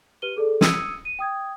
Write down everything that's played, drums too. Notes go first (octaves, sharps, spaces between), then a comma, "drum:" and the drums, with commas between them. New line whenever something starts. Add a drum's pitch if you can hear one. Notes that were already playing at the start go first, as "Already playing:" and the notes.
G4 B4 F6 D#7 G7
G#4 A4 D5
D#6 E6 G#6 C#7 D#7, drum: snare
D#7
G5 D#6 G#6